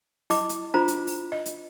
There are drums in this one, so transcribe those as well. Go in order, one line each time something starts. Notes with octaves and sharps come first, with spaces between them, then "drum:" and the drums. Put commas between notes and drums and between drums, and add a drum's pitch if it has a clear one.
E4 D#5 D6, drum: open hi-hat
drum: hi-hat
D4 F4 C5 A#5
drum: hi-hat
drum: open hi-hat
D#5
drum: hi-hat